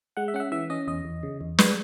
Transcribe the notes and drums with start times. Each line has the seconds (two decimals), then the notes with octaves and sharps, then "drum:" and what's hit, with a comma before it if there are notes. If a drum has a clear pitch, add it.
0.17 G#3 F#5
0.28 E5
0.34 C#4 F#5
0.40 E5
0.52 E3 E5
0.70 C#4 D#5
0.88 E2 D#5
1.05 E2
1.23 C#3
1.41 E2
1.58 G#3 B4, drum: snare